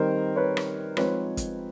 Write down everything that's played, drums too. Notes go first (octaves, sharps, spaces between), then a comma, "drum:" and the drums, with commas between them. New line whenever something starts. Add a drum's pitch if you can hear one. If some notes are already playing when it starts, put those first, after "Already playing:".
Already playing: D#3 G3 C4 D#4 A#4 C5
B4 C#5
drum: rim click
F3 G#3 C4 D#4 B4 C#5, drum: rim click
drum: kick, hi-hat